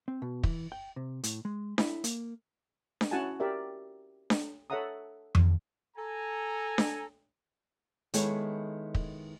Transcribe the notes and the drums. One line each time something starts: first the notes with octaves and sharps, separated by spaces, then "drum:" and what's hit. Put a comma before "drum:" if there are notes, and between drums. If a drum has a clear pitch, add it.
C4
B2
E3, drum: kick
G5
C3
A2, drum: hi-hat
G#3
E4, drum: snare D4
A#3, drum: hi-hat
drum: snare D4
C#4 E4 F#4 F#5 G#5 A5
G4 A#4 D5 E5
drum: snare D4
A4 C#5 E5 F#5 A#5 D#6
drum: tom F2
A4 G#5 A#5
drum: snare D4
D#3 G#3 B3 E4 A4 C#5, drum: hi-hat
drum: kick